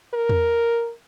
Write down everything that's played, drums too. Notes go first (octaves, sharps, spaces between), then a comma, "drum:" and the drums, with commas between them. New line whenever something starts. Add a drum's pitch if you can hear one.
A#4
drum: tom E2